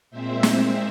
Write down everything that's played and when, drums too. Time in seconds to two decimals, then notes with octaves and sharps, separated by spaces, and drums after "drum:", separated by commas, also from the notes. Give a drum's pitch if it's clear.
0.11 A#2 G#3 C4 C5 E5
0.43 drum: snare